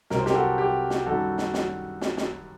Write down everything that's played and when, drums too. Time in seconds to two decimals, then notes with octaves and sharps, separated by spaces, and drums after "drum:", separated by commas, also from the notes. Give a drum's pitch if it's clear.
0.10 C2 C3 F#3 A#4, drum: snare
0.19 C5
0.26 G4 A#4, drum: snare
0.34 F#4 A4
0.58 G4
0.90 drum: snare
1.06 F#2 D#3 G3 F#4 A4
1.38 drum: snare
1.54 drum: snare
2.01 drum: snare
2.17 drum: snare